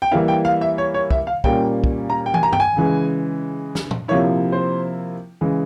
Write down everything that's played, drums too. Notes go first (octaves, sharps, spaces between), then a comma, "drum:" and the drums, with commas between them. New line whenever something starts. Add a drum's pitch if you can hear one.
G5
E3 G3 A#3 E4 F5
G5
F5
E5
C#5
C#5
E5, drum: kick
F5
A#2 G3 A#3 C#4 G5, drum: kick
drum: kick
A#5
G5
G#5, drum: tom
A#5
G5, drum: tom G2
G#5
C#3 E3 G#3
drum: snare
drum: tom
C3 F3 A#3 E4 C#5
C5
C#3 E3 G#3